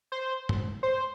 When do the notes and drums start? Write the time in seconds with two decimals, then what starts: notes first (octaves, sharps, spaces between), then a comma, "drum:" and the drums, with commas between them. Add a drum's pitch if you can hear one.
0.12 C5
0.49 drum: tom
0.83 C5